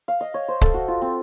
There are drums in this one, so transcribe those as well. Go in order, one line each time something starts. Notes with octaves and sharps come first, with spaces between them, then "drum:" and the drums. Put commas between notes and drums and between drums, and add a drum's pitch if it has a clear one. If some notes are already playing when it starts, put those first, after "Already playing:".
F5
D#5
C#5
C5
A4, drum: kick C#1
F#4
F4
C4